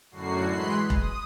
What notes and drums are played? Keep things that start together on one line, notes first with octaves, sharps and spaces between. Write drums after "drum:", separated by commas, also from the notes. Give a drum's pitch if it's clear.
F#2 A2 D3 F#4 C7
E3 G#3 B5 C6 F#6 C7
D#6, drum: kick E1